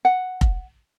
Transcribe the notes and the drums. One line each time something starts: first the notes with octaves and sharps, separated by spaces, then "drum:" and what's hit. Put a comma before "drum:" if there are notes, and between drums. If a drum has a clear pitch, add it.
F#5
drum: kick F1